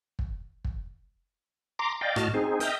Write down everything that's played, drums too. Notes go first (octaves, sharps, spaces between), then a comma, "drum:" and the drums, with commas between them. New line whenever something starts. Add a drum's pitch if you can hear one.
drum: kick
drum: kick
A#5 C6 D6
D5 D#5 F5 G5
A2 F#4 D#5 A5 F6, drum: rim click
C4 D#4 G#4
D#5 E5 G5 D#6 F6 G6, drum: hi-hat